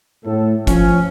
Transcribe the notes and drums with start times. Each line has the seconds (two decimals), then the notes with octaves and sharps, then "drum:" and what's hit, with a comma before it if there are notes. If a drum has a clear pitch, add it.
0.25 A2 A4
0.67 F3 C#4, drum: kick, hi-hat